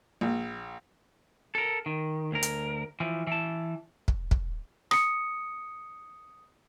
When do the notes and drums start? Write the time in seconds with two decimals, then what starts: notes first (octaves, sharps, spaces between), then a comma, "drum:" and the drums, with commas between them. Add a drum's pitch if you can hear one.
0.21 A#1
1.55 A4 A#4
1.86 D#3
2.32 D2 A#4
2.43 drum: hi-hat
3.00 E3 F3
3.27 E3 A5
4.08 drum: kick
4.31 drum: kick
4.91 D#6 C#7, drum: rim click